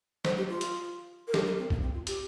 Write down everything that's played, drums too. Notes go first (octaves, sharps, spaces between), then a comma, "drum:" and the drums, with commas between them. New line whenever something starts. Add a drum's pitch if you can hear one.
C5, drum: snare
G4
F4
drum: hi-hat
A#4
G4, drum: snare
A#4
C4
A#3, drum: kick
C4
F4
G4, drum: hi-hat